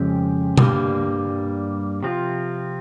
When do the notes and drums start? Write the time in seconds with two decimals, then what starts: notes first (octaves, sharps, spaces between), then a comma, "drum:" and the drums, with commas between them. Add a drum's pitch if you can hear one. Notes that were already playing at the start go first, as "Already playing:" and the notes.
Already playing: F2 C#3 G#3 C4 G4
0.57 G2 G3 A#3, drum: tom B2
2.03 C3 F3 C4 F4